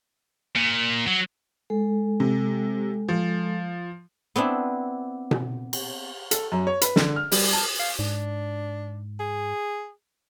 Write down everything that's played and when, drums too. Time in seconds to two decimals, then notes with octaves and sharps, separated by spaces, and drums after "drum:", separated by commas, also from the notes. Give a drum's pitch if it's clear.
0.56 A#2
1.06 F#3
1.70 G#3 A4
2.20 C3
3.09 F3
4.36 B3 C4 D4 E4
5.31 drum: tom B2
5.73 drum: cymbal
6.31 A4, drum: hi-hat
6.52 F#2
6.67 C#5
6.81 B4, drum: hi-hat
6.96 D3, drum: snare
7.16 F6
7.32 G3, drum: open hi-hat
7.53 A5
7.79 F5
7.99 G#2 D4
9.20 G#4